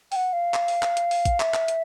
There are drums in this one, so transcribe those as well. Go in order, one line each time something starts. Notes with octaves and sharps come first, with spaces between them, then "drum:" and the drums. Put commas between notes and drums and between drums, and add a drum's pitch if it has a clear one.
G5, drum: open hi-hat
F#5
F5
drum: clap
drum: open hi-hat
drum: clap
drum: hi-hat
drum: open hi-hat
drum: kick, hi-hat
E5, drum: clap
drum: clap
drum: hi-hat